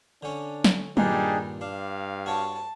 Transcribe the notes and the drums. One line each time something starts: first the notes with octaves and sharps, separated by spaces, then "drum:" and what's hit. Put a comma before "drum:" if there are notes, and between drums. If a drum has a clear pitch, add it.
D3 C#4 D4
drum: snare
G2 A#2 D#3 G3 D4 D#4 G#4, drum: tom F#3
G2 D4 F5
F#4 C#5 A5